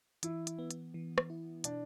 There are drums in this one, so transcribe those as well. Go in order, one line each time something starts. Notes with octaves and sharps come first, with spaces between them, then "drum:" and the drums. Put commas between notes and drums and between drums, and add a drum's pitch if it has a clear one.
E3 E4, drum: hi-hat
drum: hi-hat
B3
drum: hi-hat
E3
drum: rim click
E4
B2 D4, drum: hi-hat